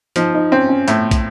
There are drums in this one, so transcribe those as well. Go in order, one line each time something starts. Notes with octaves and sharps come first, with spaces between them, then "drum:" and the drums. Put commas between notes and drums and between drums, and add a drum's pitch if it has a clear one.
F3 D#4, drum: hi-hat
D#4
C4 C#4
C#4
A2, drum: hi-hat
drum: kick, hi-hat